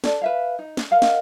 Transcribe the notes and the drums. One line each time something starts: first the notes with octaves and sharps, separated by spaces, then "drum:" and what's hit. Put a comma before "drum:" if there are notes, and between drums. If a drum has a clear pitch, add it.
A4 D5, drum: snare
B4 E5 F5
D#4
drum: snare
A#4 D#5 F5 F#5
drum: snare